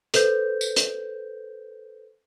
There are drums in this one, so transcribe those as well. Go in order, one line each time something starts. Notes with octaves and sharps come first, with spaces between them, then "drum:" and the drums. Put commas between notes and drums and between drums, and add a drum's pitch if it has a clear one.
A4 B4 C5 G6, drum: hi-hat
drum: tambourine
drum: hi-hat